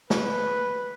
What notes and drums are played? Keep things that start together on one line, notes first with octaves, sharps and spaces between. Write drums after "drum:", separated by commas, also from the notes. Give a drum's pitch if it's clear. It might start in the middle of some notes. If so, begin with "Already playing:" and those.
B4, drum: snare